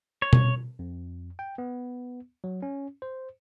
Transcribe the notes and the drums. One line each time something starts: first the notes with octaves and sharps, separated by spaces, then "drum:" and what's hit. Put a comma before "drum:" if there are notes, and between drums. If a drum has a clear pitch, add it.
C#5
drum: tom B2
F2
G5
B3
F#3
C#4
C5